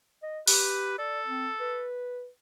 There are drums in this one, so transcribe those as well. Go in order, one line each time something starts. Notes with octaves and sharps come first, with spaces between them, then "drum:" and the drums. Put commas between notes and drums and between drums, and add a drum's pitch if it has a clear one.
D#5
G4 B4, drum: open hi-hat
A4 D5
C4
B4